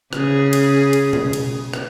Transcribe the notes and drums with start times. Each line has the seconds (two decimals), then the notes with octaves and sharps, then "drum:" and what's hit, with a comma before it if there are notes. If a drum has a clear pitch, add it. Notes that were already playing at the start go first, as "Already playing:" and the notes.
0.13 C#3 G#4, drum: rim click
0.53 drum: cymbal
0.93 drum: cymbal
1.13 drum: tom B2
1.33 drum: cymbal
1.73 drum: rim click